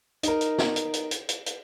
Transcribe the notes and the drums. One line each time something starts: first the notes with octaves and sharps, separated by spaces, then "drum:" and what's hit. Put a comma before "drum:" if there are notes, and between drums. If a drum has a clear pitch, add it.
D#4 A#4, drum: hi-hat
drum: hi-hat
drum: snare
drum: hi-hat
drum: hi-hat
drum: hi-hat
drum: hi-hat
drum: hi-hat